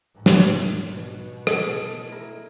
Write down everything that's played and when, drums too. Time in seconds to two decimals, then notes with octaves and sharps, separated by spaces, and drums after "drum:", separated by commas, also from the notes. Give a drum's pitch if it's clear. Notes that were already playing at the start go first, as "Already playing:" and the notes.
0.15 G#2
0.26 drum: snare
0.88 B2
1.47 G#4 A4 D#5, drum: rim click
2.08 E4 A#4